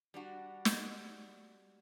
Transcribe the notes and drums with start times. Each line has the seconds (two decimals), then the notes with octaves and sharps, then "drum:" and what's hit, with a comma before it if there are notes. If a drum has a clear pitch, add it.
0.14 G3 D4 F#4
0.65 drum: snare